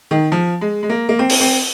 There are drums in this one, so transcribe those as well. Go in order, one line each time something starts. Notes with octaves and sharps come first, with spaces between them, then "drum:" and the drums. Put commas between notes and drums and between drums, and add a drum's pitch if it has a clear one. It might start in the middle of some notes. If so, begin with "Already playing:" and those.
D#3
F3
G#3
G#3
A#3
A#3
C4
drum: open hi-hat
C4